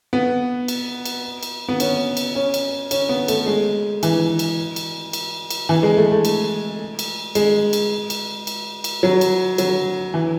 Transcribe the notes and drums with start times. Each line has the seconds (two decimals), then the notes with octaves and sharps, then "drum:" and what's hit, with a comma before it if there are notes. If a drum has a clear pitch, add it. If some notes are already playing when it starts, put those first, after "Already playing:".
0.13 B3
0.68 drum: cymbal
1.05 drum: cymbal
1.43 drum: cymbal
1.68 B3
1.80 C#4, drum: cymbal
2.17 drum: cymbal
2.35 C#4
2.54 drum: cymbal
2.91 C#4, drum: cymbal
3.09 B3
3.28 A3, drum: cymbal
3.46 G#3
4.03 E3, drum: cymbal
4.39 drum: cymbal
4.76 drum: cymbal
5.13 drum: cymbal
5.50 drum: cymbal
5.69 E3
5.83 G#3
5.97 A3
6.11 A3
6.25 drum: cymbal
6.99 drum: cymbal
7.35 G#3, drum: cymbal
7.73 drum: cymbal
8.10 drum: cymbal
8.47 drum: cymbal
8.84 drum: cymbal
9.03 F#3
9.21 drum: cymbal
9.58 F#3, drum: cymbal
10.14 E3